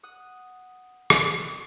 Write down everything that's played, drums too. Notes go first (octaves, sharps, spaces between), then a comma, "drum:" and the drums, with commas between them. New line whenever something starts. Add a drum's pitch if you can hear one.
F#5 D#6 F#6
drum: rim click